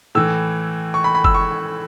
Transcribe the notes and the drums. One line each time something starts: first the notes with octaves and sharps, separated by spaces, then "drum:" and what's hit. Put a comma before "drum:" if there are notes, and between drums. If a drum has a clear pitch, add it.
A2 E3 E6
C#6
B5
B5
E6, drum: kick F#1
C#6